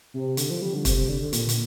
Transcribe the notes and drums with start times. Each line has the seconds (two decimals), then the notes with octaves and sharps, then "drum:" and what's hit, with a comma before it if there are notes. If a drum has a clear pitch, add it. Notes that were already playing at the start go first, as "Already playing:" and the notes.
0.14 C3
0.37 D3, drum: hi-hat
0.50 F3
0.62 G3
0.74 D3
0.85 C3, drum: kick, hi-hat
0.97 C3
1.09 D3
1.21 D3
1.33 A#2, drum: hi-hat
1.49 drum: hi-hat